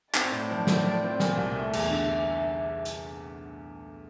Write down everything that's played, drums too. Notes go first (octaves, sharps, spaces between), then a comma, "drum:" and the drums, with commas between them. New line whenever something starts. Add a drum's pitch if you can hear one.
C4 D5, drum: clap
A2
F3
A2, drum: snare
F3
C4
A#2, drum: snare
C2
A3 E5
E2, drum: cymbal
D3
drum: hi-hat